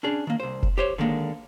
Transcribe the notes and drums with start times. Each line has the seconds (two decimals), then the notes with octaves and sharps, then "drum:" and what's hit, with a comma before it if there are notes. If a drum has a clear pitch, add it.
0.03 C#4 D4 G#4
0.27 D#3 A#3
0.40 C2 C5
0.63 drum: kick F1
0.78 G4 C5 C#5
0.98 D3 D#3 G#3 A#3